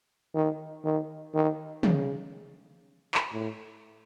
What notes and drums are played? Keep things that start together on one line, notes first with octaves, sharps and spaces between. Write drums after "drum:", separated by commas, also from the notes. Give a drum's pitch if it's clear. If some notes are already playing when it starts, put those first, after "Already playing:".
D#3
D#3
D#3
C#3, drum: tom
drum: clap
A2